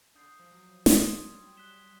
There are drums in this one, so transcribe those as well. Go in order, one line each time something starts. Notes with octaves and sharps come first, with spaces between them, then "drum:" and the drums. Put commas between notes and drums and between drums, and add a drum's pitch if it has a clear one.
D3 D#6 G6 C7
F3
F#3
C6 D#6 G#6, drum: snare
G3
F#6 B6 E7 G7